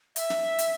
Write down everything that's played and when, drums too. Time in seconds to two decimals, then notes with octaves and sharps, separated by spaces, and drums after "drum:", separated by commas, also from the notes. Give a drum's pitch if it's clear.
0.16 E5, drum: hi-hat
0.30 drum: snare
0.59 drum: hi-hat